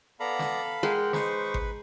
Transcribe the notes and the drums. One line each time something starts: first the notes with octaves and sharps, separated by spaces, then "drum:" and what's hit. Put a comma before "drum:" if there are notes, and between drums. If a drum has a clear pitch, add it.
B3 A4 D5 F5 A#5 B5
drum: snare
G#3 A#4 F#5 G5
D#4 B4 C5 C#6, drum: snare
drum: kick G#1